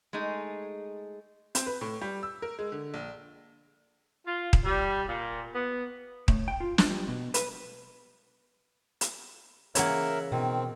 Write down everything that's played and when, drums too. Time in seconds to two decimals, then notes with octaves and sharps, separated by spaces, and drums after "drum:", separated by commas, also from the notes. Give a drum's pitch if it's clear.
0.13 G#3 A3 D#4 G#4
1.55 C4, drum: hi-hat
1.67 B4
1.81 A2
2.02 G3
2.23 E6
2.42 A#4
2.59 G#3
2.72 D3
2.94 A#1
4.26 F4
4.53 drum: kick D#1
4.65 G3
5.08 A#2
5.53 B3
6.28 A2, drum: kick D#1
6.48 G5
6.60 F4
6.78 D4, drum: snare
6.90 G3
7.08 B2
7.34 B4, drum: hi-hat
9.01 drum: hi-hat
9.75 C#3 E3 A#3 A#4 C#5 E5 F#5, drum: hi-hat
10.32 B2 D#3 C4